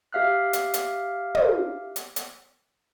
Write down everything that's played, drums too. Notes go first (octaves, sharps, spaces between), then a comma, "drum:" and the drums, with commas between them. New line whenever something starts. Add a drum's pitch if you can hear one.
G4 E5 F5 F6 F#6
drum: hi-hat
drum: hi-hat
drum: tom
drum: hi-hat
drum: hi-hat